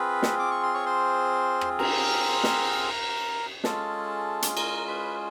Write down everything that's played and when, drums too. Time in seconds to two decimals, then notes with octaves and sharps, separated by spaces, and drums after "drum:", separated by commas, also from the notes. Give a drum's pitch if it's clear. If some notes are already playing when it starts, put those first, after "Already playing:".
Already playing: C4 F4 G#4 B4 B5
0.23 drum: snare
0.39 D6
0.51 C#6
0.63 C6
0.74 C#5 C#6
0.86 C5 C6
1.61 drum: rim click
1.79 A#4 A#5, drum: cymbal
2.44 drum: snare
3.64 G#3 C#4 F4 G#4 A4 A5, drum: snare
4.42 drum: hi-hat
4.57 A#4 A#5, drum: cymbal
4.88 B4 B5